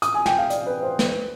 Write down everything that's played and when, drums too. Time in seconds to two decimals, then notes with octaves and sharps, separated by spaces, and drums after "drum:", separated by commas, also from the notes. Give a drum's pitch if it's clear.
0.02 D#6, drum: hi-hat
0.14 G#5
0.26 G5, drum: snare
0.38 F5
0.50 D5, drum: hi-hat
0.67 B4
0.83 C5
0.99 B4, drum: snare